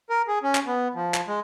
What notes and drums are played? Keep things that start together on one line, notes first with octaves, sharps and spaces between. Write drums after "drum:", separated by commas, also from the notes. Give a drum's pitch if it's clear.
A#4
G#4
C#4
drum: clap
B3
F3
drum: clap
G#3